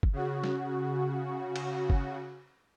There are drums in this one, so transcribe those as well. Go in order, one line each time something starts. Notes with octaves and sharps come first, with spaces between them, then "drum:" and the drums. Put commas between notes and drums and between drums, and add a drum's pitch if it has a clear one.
drum: kick F#1
C#3 F#4
drum: snare
drum: cymbal
drum: kick F#1